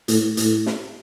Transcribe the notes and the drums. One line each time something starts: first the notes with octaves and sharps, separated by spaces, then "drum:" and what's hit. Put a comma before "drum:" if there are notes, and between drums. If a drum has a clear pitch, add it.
A2, drum: hi-hat
A2, drum: hi-hat
drum: snare